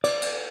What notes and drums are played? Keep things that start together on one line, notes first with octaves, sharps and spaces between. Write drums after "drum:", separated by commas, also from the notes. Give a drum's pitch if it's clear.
D5, drum: cymbal
drum: cymbal